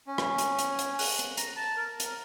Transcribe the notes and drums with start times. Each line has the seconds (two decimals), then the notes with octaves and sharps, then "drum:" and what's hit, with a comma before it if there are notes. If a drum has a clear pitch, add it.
0.07 C#4
0.18 drum: rim click
0.38 drum: hi-hat
0.59 drum: hi-hat
0.79 drum: hi-hat
0.99 F#6, drum: open hi-hat
1.19 drum: hi-hat
1.37 A#5, drum: hi-hat
1.56 A5
1.77 A#4
2.00 drum: hi-hat